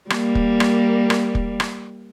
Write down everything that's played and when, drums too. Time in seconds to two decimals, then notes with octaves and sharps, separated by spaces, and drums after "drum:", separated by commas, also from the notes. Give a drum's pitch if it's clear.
0.10 G3 A#3, drum: rim click
0.35 drum: kick
0.60 drum: rim click
1.10 drum: rim click
1.35 drum: kick
1.60 drum: rim click